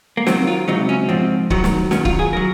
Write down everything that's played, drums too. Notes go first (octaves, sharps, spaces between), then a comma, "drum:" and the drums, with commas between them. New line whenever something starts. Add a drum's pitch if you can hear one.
A#3
D#2 D#3 F#3 C4, drum: snare
F4
C#2 C3 F#3 D#4
C#4
G#2 F3 C4
F#2 D#3 F#3, drum: kick C#1
drum: snare
D#2 D#3 F#3 C#4, drum: snare
F4, drum: kick C#1
G#4
F#3 A#4